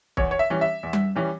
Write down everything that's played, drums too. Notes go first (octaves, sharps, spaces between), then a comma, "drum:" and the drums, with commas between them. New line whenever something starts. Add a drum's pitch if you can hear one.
E2 C#5, drum: kick
C#5
E5
E3 G3 C#4
E5
E2
drum: tom G3
E3 G3 C#4